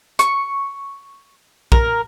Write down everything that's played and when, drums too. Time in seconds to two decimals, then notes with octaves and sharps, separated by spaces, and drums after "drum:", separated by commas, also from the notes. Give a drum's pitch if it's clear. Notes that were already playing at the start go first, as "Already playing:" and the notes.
0.19 C#6, drum: hi-hat
1.72 A#4, drum: kick